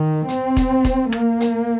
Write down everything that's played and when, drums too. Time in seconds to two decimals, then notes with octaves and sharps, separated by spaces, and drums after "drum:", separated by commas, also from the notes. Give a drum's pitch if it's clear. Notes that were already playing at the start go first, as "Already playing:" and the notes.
Already playing: D#3
0.28 C4, drum: hi-hat
0.57 drum: kick E1, hi-hat
0.85 drum: kick E1, hi-hat
1.12 A#3, drum: rim click
1.40 drum: hi-hat